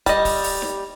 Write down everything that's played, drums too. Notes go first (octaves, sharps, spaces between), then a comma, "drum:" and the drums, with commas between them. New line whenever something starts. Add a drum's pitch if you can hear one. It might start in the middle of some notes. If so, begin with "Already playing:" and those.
G3 D#5, drum: kick, hi-hat
drum: kick, open hi-hat
drum: open hi-hat
drum: snare